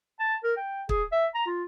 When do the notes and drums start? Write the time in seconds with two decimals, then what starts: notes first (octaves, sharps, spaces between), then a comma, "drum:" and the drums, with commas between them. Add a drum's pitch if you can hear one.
0.20 A5
0.44 A#4
0.57 G5
0.89 G#4, drum: kick
1.12 E5
1.34 A#5
1.46 F4